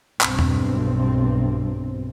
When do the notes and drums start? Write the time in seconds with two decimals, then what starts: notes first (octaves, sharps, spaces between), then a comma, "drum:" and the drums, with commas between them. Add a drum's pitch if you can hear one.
0.21 B1 G2 C4, drum: clap
0.39 drum: tom E2